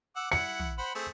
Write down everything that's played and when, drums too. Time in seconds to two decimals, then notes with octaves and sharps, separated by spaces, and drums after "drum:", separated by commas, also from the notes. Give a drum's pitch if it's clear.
0.16 F#5 D6 E6
0.32 E4 F#5 C#7
0.59 drum: tom
0.78 C5 F#5 B5
0.95 A3 C4 G#4